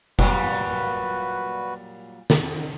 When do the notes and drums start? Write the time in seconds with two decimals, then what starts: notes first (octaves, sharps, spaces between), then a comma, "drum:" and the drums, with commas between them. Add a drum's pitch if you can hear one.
0.19 A#2 F#3 G3 F#4 B4, drum: kick F1
2.30 drum: snare